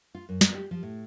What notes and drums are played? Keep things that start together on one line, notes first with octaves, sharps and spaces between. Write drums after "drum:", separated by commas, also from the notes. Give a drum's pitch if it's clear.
F4
F#2
A#4, drum: snare
G4
F3
A2